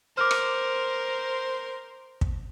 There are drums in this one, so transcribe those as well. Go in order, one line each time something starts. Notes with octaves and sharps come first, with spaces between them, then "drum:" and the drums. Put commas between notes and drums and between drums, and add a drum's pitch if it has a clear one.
A#4 C5 D6 F6
drum: rim click
drum: kick